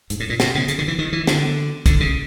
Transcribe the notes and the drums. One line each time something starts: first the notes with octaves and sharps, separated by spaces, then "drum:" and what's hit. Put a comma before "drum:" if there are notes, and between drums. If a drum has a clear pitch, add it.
G#2, drum: hi-hat
A2
A#2
B2, drum: snare
C#3
C#3, drum: hi-hat
D3
E3
D#3
E3
D3, drum: snare
D3, drum: kick, hi-hat
C#3